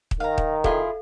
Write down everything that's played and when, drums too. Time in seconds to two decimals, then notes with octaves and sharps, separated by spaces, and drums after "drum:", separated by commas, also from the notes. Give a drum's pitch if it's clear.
0.11 drum: kick
0.20 D#3 F5 A#5
0.38 drum: kick
0.64 E4 F4 G#4 A4 F5, drum: kick